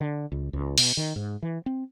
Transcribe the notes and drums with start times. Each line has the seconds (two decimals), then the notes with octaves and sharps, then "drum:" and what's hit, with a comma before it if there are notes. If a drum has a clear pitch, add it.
0.01 D3
0.32 C#2
0.53 C#2
0.78 B2, drum: open hi-hat
0.97 D#3
1.16 G#2
1.42 E3
1.66 C4